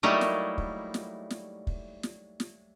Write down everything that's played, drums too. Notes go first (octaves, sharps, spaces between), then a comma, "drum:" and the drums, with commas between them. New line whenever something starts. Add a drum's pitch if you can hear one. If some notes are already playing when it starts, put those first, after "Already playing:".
F#3 G3 A3 A#3 D#4 E4
drum: snare
drum: kick
drum: snare
drum: snare
drum: kick
drum: snare
drum: snare